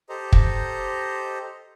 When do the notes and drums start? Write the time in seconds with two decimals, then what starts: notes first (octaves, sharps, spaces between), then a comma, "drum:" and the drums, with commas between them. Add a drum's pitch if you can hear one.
0.09 G4 A4 C5 D#5 A#5
0.33 drum: kick